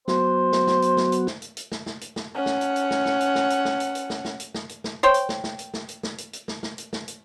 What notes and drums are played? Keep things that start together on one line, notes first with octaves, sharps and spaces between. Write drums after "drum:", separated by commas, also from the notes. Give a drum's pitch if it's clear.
F#3 B3 F#4 C5, drum: snare
drum: snare
drum: snare
drum: hi-hat
drum: snare
drum: hi-hat
drum: snare
drum: hi-hat
drum: hi-hat
drum: snare
drum: snare
drum: hi-hat
drum: snare
C#4 F#5
drum: snare
drum: hi-hat
drum: hi-hat
drum: snare
drum: snare
drum: hi-hat
drum: snare
drum: hi-hat
drum: snare
drum: hi-hat
drum: hi-hat
drum: snare
drum: snare
drum: hi-hat
drum: snare
drum: hi-hat
drum: snare
C5 C#5 G5
drum: hi-hat
drum: snare
drum: snare
drum: hi-hat
drum: snare
drum: hi-hat
drum: snare
drum: hi-hat
drum: hi-hat
drum: snare
drum: snare
drum: hi-hat
drum: snare
drum: hi-hat